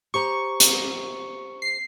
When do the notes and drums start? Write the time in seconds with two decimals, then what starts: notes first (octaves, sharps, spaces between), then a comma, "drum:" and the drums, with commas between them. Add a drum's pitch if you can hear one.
0.14 G4 C5 A#5 C#6
0.60 drum: hi-hat
1.62 C7